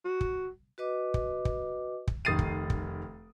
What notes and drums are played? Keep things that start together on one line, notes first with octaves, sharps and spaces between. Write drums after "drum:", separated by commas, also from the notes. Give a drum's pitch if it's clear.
F#4
drum: kick
F#4 B4 D#5 D6
drum: kick
drum: kick
drum: kick
F1 D#3 D#6 A6 C7 D#7
drum: kick
drum: kick